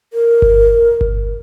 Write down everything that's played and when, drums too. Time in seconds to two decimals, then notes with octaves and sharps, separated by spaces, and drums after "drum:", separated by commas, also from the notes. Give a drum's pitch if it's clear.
0.13 A#4
0.42 drum: kick G1
1.01 drum: kick G1